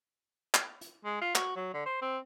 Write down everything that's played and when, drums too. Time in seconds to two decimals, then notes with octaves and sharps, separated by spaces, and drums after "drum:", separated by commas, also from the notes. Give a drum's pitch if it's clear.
0.54 drum: clap
0.81 drum: hi-hat
1.05 G#3
1.22 F4
1.35 F#4, drum: clap
1.56 F#3
1.74 D3
1.86 C5
2.02 C4